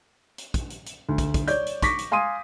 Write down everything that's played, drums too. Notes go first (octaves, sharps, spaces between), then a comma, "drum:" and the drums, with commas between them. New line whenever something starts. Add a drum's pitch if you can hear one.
drum: hi-hat
drum: kick, hi-hat
drum: hi-hat
drum: hi-hat
D2
drum: kick, hi-hat
drum: kick, hi-hat
C#5 D5 G6, drum: hi-hat
drum: hi-hat
C#6 D6 A#6 B6, drum: kick, hi-hat
drum: hi-hat
F5 G#5 C6 D#6 D#7